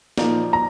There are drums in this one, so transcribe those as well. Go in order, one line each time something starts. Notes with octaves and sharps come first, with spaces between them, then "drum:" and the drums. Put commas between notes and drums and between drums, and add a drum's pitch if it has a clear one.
A#2 F3 A#3 D#4, drum: snare
A#5